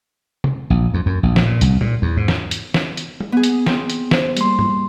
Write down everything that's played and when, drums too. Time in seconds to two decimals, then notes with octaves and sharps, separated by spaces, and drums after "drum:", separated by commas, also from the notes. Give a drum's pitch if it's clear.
0.44 drum: tom C3
0.70 A#1
0.94 F2
1.06 F#2
1.23 A#1
1.36 drum: snare
1.46 A#2
1.61 C2, drum: hi-hat
1.81 A#2, drum: tom
2.02 E2
2.17 G#2
2.28 drum: snare
2.51 drum: hi-hat
2.74 drum: snare
2.97 drum: hi-hat
3.20 drum: tom
3.32 B3 G#4
3.43 drum: hi-hat
3.67 C4, drum: snare
3.90 drum: hi-hat
4.11 C5, drum: snare
4.37 G3 A#3 C6, drum: hi-hat
4.59 drum: tom G#2